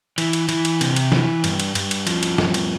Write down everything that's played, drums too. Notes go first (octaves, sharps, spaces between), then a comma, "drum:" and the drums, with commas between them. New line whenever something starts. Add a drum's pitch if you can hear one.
E3, drum: cymbal
drum: cymbal
E3, drum: cymbal
drum: cymbal
C3, drum: cymbal
drum: cymbal
E3, drum: snare
G2, drum: cymbal
drum: cymbal
G2, drum: cymbal
drum: cymbal
F3, drum: cymbal
drum: cymbal
G2, drum: snare
drum: cymbal